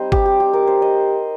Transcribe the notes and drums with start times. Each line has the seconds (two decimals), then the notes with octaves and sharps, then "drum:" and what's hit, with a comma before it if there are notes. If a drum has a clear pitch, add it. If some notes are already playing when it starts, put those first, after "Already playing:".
Already playing: G3 C4 D#4 C5 D#5
0.12 G4, drum: kick
0.25 G4
0.40 G4
0.53 A#4
0.67 C5
0.82 D#5